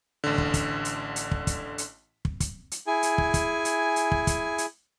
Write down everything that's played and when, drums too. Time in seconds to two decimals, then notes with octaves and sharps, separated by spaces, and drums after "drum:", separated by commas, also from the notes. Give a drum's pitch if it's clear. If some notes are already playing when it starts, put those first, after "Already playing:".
0.24 A1 D3
0.38 drum: kick
0.54 drum: kick, hi-hat
0.85 drum: hi-hat
1.16 drum: hi-hat
1.31 drum: kick
1.47 drum: kick, hi-hat
1.78 drum: hi-hat
2.25 drum: kick
2.40 drum: kick, hi-hat
2.71 drum: hi-hat
2.87 E4 G#4 G#5
3.03 drum: hi-hat
3.18 drum: kick
3.34 drum: kick, hi-hat
3.65 drum: hi-hat
3.96 drum: hi-hat
4.12 drum: kick
4.27 drum: kick, hi-hat
4.58 drum: hi-hat